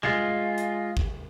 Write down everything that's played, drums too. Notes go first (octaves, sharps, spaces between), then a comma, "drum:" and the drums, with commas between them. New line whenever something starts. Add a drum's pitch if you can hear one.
G#3 F4, drum: tom B2
drum: hi-hat
drum: kick